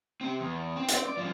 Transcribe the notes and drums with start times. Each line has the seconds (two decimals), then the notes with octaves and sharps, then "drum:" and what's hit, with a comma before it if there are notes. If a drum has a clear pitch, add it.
0.21 C4 G4
0.40 E2
0.76 C4
0.89 C4 C5, drum: hi-hat
1.05 D5
1.17 G2 F3